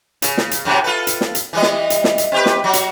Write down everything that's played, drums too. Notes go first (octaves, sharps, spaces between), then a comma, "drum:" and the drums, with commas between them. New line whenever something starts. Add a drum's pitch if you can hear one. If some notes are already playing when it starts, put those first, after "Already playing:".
C#3, drum: hi-hat
drum: snare
drum: hi-hat
F#2 A2 C3
F4 A4 B4
drum: hi-hat
drum: snare
drum: hi-hat
E3 G3 D#5
drum: snare
drum: hi-hat
drum: snare
drum: hi-hat
C4 G4 B4
drum: snare
F#3 F#4
drum: hi-hat